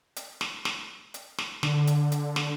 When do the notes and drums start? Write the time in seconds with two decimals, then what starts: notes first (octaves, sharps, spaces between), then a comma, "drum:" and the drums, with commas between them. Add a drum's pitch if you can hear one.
0.16 drum: hi-hat
0.41 drum: snare
0.65 drum: snare
1.14 drum: hi-hat
1.38 drum: snare
1.63 D3, drum: snare
1.87 drum: hi-hat
2.12 drum: hi-hat
2.36 drum: snare